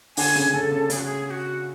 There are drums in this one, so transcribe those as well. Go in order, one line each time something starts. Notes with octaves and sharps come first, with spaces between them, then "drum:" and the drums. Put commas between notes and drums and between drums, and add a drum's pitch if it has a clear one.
D3 G#5, drum: open hi-hat
C#3
C#3 A4
C#3
C#3 G#4, drum: hi-hat
F#4
G#4
G#4
F#4